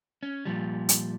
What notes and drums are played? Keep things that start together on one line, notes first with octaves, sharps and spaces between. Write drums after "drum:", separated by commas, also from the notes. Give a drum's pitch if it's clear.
C#4
A#2 F3 G3
drum: hi-hat